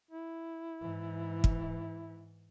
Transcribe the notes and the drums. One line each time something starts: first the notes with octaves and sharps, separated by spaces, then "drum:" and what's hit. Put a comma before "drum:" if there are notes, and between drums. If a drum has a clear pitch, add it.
E4
G#2 E3
drum: kick